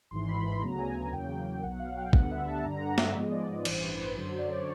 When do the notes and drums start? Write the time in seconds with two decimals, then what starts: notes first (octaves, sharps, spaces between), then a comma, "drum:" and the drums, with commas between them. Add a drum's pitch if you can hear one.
0.11 G#1 G#2 E3 C6
0.28 B5
0.45 C6
0.61 D2 C#3 F#3 B3 A#5
0.78 G#5
0.95 G#5
1.12 E2 C#3 F#3 A#3 G5
1.63 B1 B2 F#3 F#5
1.79 F5
1.97 G5
2.13 D2 D3 G3 B3 F#5, drum: kick
2.31 E5
2.48 A5
2.64 G2 D3 G3 A#5
2.81 F#5
2.98 E5, drum: snare
3.14 G#2 F3 G#3 B3 D#5
3.32 D5
3.48 D5
3.65 A1 G2 E3 C5, drum: cymbal
3.82 B4
3.99 B4
4.16 F#2 D3 F#3 C5
4.39 D5
4.50 C#5